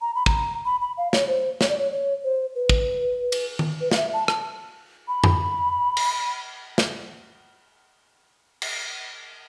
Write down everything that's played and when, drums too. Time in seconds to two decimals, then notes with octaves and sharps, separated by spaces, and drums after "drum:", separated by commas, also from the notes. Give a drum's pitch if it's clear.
0.01 A#5
0.15 B5
0.26 A#5, drum: kick
0.65 B5
0.81 B5
0.97 F5
1.13 C#5, drum: snare
1.28 C5
1.61 C#5, drum: snare
1.69 D5
1.79 C#5
1.92 C#5
2.24 C5
2.55 B4
2.69 drum: kick
3.32 drum: cymbal
3.59 drum: tom
3.81 B4
3.91 F5, drum: snare
3.97 E5
4.13 A5
4.28 A5, drum: rim click
5.08 B5
5.24 drum: tom F2
5.97 drum: cymbal
6.78 drum: snare
8.62 drum: cymbal